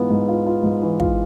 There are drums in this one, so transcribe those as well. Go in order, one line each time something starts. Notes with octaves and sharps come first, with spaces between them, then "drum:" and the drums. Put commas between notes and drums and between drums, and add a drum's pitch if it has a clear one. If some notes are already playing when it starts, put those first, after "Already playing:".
Already playing: G#2 E3 B3 F4
G#2
F4
F4
G#2
E3
F4, drum: kick